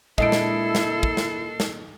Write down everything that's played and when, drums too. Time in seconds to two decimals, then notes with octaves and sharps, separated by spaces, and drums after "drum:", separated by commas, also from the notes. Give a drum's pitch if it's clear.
0.18 A#2 G#3 D4 E4 A4 D#5 C7 D7, drum: kick
0.32 drum: snare
0.75 drum: snare
1.03 drum: kick
1.17 drum: snare
1.60 drum: snare